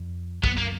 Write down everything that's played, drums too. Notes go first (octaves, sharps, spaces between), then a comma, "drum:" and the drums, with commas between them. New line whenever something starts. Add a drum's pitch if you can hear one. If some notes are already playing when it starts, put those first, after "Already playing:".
Already playing: F2
F#2 B3, drum: kick
A#3